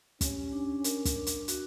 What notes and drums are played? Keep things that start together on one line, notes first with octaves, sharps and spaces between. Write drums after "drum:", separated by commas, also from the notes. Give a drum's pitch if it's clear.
C#4 G4, drum: kick, hi-hat
D4
A#4, drum: hi-hat
drum: kick, hi-hat
D4
drum: hi-hat
F#4, drum: hi-hat